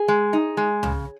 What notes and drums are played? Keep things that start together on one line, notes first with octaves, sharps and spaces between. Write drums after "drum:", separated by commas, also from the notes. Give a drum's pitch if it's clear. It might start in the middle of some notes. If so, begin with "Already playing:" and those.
Already playing: G#4
G#3
D#4
G#3
C#3, drum: tom